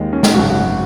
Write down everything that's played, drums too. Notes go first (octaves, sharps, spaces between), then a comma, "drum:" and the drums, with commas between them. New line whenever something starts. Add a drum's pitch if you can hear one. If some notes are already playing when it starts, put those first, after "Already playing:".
Already playing: D#2 D#3 G#3
C#4
D#4, drum: snare
G#1 F#2 C#3 F#4
F#4